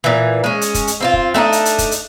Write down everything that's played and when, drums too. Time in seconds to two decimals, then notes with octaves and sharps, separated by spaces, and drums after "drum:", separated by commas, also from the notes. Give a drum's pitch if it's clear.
0.04 A#2 E3
0.44 G#3 C#4
0.61 drum: hi-hat
0.74 drum: kick, hi-hat
0.87 drum: hi-hat
1.00 C4 E4 F4
1.13 drum: kick
1.34 A3 C4 D4 D#4
1.52 drum: hi-hat
1.65 drum: hi-hat
1.78 drum: kick, hi-hat
1.91 drum: hi-hat